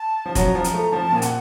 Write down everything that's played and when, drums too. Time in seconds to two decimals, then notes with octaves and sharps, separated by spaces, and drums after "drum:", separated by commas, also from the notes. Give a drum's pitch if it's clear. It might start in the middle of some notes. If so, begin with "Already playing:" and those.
Already playing: A5
0.26 F3
0.35 F#3 A#5, drum: kick F1, hi-hat
0.55 F3 A#5
0.64 drum: hi-hat
0.74 A3
0.93 F3 A5
1.12 A#2
1.22 F#5, drum: hi-hat